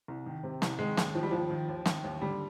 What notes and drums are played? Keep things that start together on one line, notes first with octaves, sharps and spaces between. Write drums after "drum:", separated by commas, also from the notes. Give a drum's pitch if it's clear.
C2
D#3
C3
C2, drum: snare
D#3 G#3
D#2, drum: snare
D#3 F3
G3
D#2 F3
D#3
D#2
D#3, drum: snare
D#2
D3 G3